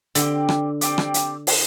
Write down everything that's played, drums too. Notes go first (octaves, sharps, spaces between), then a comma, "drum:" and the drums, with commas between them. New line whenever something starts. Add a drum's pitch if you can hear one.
D3 C4 G4 D5, drum: hi-hat
drum: rim click
C4 G4 D5, drum: hi-hat
drum: rim click
drum: hi-hat
drum: open hi-hat